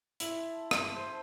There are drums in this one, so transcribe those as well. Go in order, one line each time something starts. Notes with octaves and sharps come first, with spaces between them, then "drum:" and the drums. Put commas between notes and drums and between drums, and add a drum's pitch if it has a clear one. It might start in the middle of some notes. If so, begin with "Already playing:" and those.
E4 A4 E5 A5 C6, drum: hi-hat
drum: rim click
C5